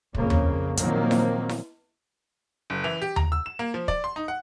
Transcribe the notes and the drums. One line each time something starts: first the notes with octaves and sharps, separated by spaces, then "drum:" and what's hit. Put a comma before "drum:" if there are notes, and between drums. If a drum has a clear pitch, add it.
A#1 F2 C#3 A#3, drum: kick
drum: tom D#2
A#2 D#3 F3 F#3 A#3 C4, drum: hi-hat
drum: snare E4
drum: snare E4
F#1
E3
G4
A#5, drum: tom D#2
E6
E7
A#3
F3
D5, drum: kick
C6
D#4
F#5